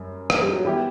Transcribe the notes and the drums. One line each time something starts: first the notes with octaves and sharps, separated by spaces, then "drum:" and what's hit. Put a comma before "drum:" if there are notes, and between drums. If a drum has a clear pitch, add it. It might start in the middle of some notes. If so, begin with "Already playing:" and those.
Already playing: F#2 G3
A#3, drum: rim click
G3
F#3
E3 G3 B3 E4 G4